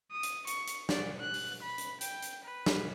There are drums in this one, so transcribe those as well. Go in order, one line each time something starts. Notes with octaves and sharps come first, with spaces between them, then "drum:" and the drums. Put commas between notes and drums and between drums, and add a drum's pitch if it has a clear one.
D#6
drum: hi-hat
C#6, drum: hi-hat
drum: hi-hat
D5, drum: snare
F#6
drum: open hi-hat
B5
drum: hi-hat
G5, drum: hi-hat
drum: hi-hat
B4
drum: snare